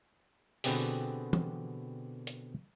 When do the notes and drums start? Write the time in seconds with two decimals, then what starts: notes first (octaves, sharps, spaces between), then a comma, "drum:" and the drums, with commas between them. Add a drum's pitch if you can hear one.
0.64 B2 D3 B3 C4 G4 G#4, drum: open hi-hat
1.33 drum: tom E3
2.27 drum: hi-hat